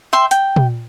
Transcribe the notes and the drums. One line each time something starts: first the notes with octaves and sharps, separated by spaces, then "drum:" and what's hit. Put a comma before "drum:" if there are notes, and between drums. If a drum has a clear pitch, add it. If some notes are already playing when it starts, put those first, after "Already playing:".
E5 G5 C6
G5, drum: hi-hat
drum: tom A#2